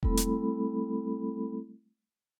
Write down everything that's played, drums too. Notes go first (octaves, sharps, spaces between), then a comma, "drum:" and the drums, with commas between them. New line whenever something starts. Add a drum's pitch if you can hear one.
G3 A3 C4 E4 A4 B5, drum: kick E1
drum: hi-hat